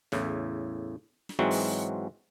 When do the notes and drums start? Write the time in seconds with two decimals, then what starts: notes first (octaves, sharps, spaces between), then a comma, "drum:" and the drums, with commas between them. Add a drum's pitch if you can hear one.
0.12 E2 A2 C#3, drum: snare
1.29 drum: snare
1.39 G#2 E3 F#3 G#3 C4 F#4
1.51 drum: open hi-hat